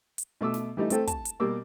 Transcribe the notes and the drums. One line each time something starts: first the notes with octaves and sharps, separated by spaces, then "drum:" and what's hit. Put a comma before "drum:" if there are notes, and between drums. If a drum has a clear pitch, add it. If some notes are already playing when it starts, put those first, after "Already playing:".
drum: hi-hat
B2 A3 D6 E6
drum: snare
E3 G3 A3 D#4
A3 C4 A4 G5, drum: hi-hat
A5, drum: kick, hi-hat
drum: hi-hat
B2 G3 A#3 D6 E6